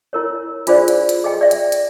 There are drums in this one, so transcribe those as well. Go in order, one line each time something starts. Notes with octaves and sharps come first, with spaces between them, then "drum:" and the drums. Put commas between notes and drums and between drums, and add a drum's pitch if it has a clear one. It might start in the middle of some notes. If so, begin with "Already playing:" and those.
E4 A#4 C#5
D4 F4 G#4 C5 D5 F5, drum: hi-hat
drum: hi-hat
drum: hi-hat
G#4 D#5 G5
D5 E5
drum: hi-hat
drum: hi-hat